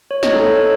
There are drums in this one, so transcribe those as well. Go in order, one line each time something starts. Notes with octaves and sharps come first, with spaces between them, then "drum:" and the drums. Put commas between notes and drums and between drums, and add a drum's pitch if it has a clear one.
C#5
D#5, drum: snare
C4 D#4 A4 C#5
C#5